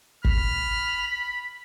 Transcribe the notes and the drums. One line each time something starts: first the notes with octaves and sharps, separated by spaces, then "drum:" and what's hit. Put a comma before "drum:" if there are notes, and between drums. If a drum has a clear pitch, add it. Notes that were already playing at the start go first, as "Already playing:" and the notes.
B5 F6, drum: kick